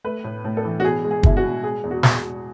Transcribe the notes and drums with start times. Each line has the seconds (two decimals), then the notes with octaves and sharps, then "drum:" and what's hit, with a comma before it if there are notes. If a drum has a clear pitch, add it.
0.04 A3 B4
0.24 A2
0.44 A2
0.57 A4
0.65 E3
0.80 F#4
0.84 B2 G#4
1.04 G#3
1.11 G#4
1.23 B2 E4, drum: kick
1.37 F#4
1.44 B2
1.63 G#3 G#4
1.84 E2
1.91 F#4
2.03 G#3, drum: snare
2.23 B2